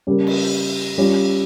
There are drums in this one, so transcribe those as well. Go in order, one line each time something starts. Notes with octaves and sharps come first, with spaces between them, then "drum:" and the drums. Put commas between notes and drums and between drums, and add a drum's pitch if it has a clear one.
C#3 G3 A#3
drum: cymbal
G3 C#4 F4